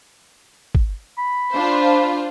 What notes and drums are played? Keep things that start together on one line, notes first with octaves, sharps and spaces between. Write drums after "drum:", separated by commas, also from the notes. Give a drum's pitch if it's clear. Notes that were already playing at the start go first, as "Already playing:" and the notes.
drum: kick
B5
D4 F4 C5